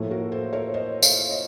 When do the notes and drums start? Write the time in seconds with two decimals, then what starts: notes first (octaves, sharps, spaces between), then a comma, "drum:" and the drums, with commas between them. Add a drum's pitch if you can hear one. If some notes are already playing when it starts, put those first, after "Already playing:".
Already playing: A2 F3 A#3 F4 A4
0.11 F#4 A#4
0.32 A4 C5
0.53 A#4 C#5
0.74 C5 D#5
1.02 C#5 F5, drum: tambourine
1.30 C5 D#5